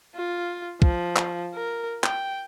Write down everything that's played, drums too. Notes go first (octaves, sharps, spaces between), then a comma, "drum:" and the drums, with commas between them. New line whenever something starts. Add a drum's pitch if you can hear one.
F4
F3, drum: kick
drum: clap
A#4
G5, drum: clap